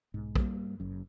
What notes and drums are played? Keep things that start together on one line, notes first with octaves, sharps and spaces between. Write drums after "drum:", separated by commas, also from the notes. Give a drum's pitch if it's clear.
B1 G#2
G3 A#3, drum: kick
F#1 F#2